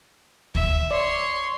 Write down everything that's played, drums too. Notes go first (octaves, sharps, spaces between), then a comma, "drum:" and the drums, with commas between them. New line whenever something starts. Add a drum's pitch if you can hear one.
E5, drum: kick
C#5 D5 C6